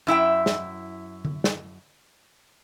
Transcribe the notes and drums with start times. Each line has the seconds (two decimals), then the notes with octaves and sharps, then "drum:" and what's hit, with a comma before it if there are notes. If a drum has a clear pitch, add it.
0.07 F#2 E4 E5 G5
0.46 drum: snare
1.25 drum: tom D3
1.44 drum: snare